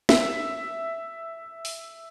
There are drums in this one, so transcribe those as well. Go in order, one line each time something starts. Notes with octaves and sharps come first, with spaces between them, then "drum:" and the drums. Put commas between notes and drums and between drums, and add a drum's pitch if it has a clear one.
E5, drum: snare
drum: open hi-hat